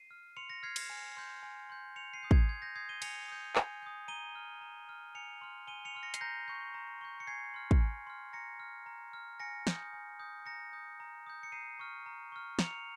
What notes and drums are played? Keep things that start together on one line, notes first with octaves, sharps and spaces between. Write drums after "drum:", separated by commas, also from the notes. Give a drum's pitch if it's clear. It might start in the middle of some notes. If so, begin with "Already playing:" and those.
Already playing: C7 D#7
F6
C6 C#7 F7
A#6 C#7
F6 G#6 C7
drum: cymbal
G#5
C6 G6
G#5
C6 G6
C6 C#7 F7
C7 D#7
D#6 G6
G#6 C7, drum: kick
C6 G#6
G6 A#6
D#6 G6 G#6 C7
D#7 G7
G#5 C#7 F7, drum: cymbal
D#6 G6
G#5, drum: clap
D#6 G6
A#5 D#7 G7
F6
A#5
F6
G#5 C#7 F7
C6 F6
G#5 D#7 G7
C#7 F7
C6 F6
A#6 C#7
C7, drum: hi-hat
A#5 G6 A#6
C#6 G6
A#5
C#6 G6
C#7
G#5 G#6 C7
C6 F6
drum: kick
G#5
C6 F6
A#5 A#6 C#7
F6
A#5
F6
G#5 A#6 C#7
D#6 G6, drum: snare
G#5
D#6 G6
A#5 A#6 C#7
D#6 G6
A#5
D#6 G6
C#7
A#5 C7 D#7
C#6 F6
A#5
C#6 F6
A#5 C#7 F7, drum: snare